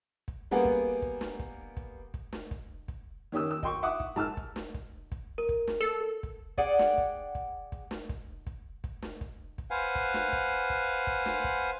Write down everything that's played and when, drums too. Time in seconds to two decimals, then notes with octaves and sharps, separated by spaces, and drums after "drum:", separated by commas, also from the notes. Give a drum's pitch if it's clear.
0.28 drum: kick
0.51 G3 A#3 B3 G4 G#4
0.65 drum: kick
1.02 drum: kick
1.21 drum: snare
1.39 drum: kick
1.77 drum: kick
2.14 drum: kick
2.33 drum: snare
2.51 drum: kick
2.88 drum: kick
3.32 D#3 C#4 G4 D#6 E6
3.51 E6
3.63 D#5 G5 C6 C#6, drum: kick
3.83 E5 F#5 D6 D#6
4.00 drum: kick
4.16 G#2 A5 E6 F6
4.37 drum: kick
4.56 drum: snare
4.74 drum: kick
5.12 drum: kick
5.38 A#4
5.49 drum: kick
5.67 drum: snare
5.81 A4
6.23 drum: kick
6.58 G#4 D5 F#5 G5, drum: kick
6.79 drum: snare
6.98 drum: kick
7.35 drum: kick
7.72 drum: kick
7.91 drum: snare
8.09 drum: kick
8.47 drum: kick
8.84 drum: kick
9.02 drum: snare
9.21 drum: kick
9.58 drum: kick
9.71 B4 C5 F5 F#5 G#5
9.95 drum: kick
10.14 drum: snare
10.33 drum: kick
10.70 drum: kick
11.07 drum: kick
11.26 drum: snare
11.44 drum: kick